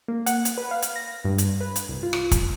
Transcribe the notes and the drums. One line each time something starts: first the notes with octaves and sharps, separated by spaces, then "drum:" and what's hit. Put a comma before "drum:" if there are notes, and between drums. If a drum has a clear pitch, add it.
A#3
F#5, drum: hi-hat
drum: hi-hat
B4
F5
drum: hi-hat
A#6
G2
drum: hi-hat
B4
drum: hi-hat
C2
F4
drum: rim click
drum: kick, hi-hat